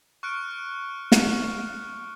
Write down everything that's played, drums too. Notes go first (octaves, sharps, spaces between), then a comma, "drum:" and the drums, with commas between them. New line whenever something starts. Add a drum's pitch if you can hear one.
C#6 F6 F#6 C#7 D7
drum: snare